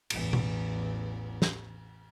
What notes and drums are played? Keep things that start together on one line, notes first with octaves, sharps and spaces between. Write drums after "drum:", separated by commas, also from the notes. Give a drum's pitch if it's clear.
A1 E2, drum: cymbal
drum: tom
drum: snare